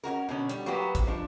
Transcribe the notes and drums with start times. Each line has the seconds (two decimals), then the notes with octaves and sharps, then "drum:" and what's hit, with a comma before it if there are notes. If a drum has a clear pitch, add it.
0.03 C#4 D#4 F#4 A#4
0.29 B2 D3 C#4
0.49 G3, drum: hi-hat
0.66 F#3 A#3 B3 F#4 G4 B4
0.95 drum: kick A1, hi-hat
1.07 F3 D4